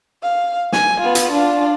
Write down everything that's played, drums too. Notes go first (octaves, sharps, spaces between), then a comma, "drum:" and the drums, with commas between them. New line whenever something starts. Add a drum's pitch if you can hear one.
F5
G#5, drum: snare
B3 F4
drum: hi-hat
D4 F4